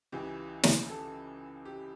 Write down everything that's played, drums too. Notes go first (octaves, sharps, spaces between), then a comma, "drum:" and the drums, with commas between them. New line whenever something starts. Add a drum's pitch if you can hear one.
C#2 C#3 E3 G4
drum: snare
A4
G4